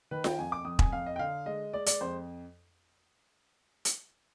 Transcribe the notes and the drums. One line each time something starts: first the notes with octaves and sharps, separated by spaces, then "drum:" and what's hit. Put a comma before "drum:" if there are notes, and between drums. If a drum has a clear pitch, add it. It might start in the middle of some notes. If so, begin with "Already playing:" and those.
D#3 B4
G5, drum: snare F4
F2 G#5
D6
F2 D#6
G#5, drum: kick E1
F2 F5
D#5
G5
D3 F5
G#3 D#5
G#3 D5
D5, drum: hi-hat
F2 C5
drum: hi-hat